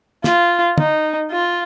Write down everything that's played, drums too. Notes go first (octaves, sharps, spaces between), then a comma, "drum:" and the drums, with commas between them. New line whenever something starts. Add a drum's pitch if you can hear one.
F4, drum: snare
D#4, drum: tom
F4